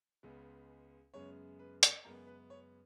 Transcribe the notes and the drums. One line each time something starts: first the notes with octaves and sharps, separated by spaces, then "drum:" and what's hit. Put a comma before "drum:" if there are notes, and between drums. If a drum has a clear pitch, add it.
C#2 C#3 G#3 B3
F#2 C#3 G#3 B3 C#5
B4
drum: hi-hat
F#2 C#3 G#3 B3 A#4
B4
C#5